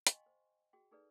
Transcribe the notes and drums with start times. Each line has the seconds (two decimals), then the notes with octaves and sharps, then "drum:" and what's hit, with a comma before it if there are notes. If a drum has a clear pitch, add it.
0.07 D#5 F5 G5 G#5 C6 C#6, drum: hi-hat
0.26 C5
0.73 F#4 G#4 G5
0.91 D#4 G#4 A4 B4 D5